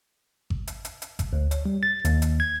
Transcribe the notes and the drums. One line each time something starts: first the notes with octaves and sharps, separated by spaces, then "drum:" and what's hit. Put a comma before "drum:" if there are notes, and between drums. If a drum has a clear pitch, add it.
drum: kick G#1
drum: hi-hat
drum: hi-hat
drum: hi-hat
drum: kick G#1, hi-hat
D2
C#5, drum: hi-hat
G3
A6
D#2, drum: hi-hat
drum: hi-hat
G#6